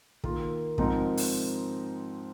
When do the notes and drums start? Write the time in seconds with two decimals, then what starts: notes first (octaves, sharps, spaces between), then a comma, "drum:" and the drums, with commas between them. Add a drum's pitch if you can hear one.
0.24 D#3 A#3 F4, drum: kick
0.78 G#2 F3 C4 D#4 A#4, drum: kick
1.17 drum: open hi-hat